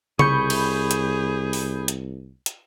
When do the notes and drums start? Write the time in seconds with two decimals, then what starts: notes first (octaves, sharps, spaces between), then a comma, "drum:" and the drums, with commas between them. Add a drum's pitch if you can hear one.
0.19 C2 G#4 B5 C#6 G6, drum: tom C#3
0.50 drum: cymbal
0.91 drum: hi-hat
1.53 drum: open hi-hat
1.88 drum: hi-hat
2.46 drum: hi-hat